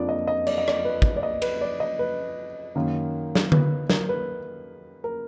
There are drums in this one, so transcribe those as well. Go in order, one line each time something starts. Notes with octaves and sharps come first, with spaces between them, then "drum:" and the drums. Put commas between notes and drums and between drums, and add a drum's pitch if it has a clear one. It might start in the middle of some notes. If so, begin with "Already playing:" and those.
Already playing: F2 F3 A#3 D4 D5
D#5
D#5
D5, drum: cymbal
D#5
D5, drum: rim click
B4
drum: kick
D5
D#5
B4, drum: cymbal
D5
D#5
B4
F#2 D#3 A#3
drum: snare
B4, drum: tom D3
A#4, drum: snare
B4
A#4